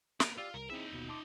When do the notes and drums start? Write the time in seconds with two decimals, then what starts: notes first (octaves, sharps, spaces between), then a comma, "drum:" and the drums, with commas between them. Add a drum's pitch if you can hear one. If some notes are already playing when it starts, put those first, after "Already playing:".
0.20 A#3 A#4 B4, drum: snare
0.38 F4 G4 D5 E6
0.54 C2 A#4
0.70 C4 D#4 E4 G#4 E5
0.92 G1 D#2 B2
1.09 A5 C6 D6